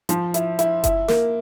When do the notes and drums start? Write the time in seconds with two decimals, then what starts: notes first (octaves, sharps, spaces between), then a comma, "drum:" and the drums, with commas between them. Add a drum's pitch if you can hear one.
0.09 F3, drum: hi-hat
0.34 E4, drum: hi-hat
0.59 E4, drum: hi-hat
0.84 E4, drum: kick F#1, hi-hat
1.08 A#3, drum: snare